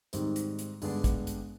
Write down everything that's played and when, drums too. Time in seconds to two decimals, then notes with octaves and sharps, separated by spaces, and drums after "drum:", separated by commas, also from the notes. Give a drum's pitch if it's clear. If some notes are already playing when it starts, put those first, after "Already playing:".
0.13 G#2 D#3 G3 C4, drum: hi-hat
0.36 drum: hi-hat
0.59 drum: hi-hat
0.82 G2 D3 G#3 B3 D4, drum: open hi-hat
1.04 drum: kick, hi-hat
1.27 drum: hi-hat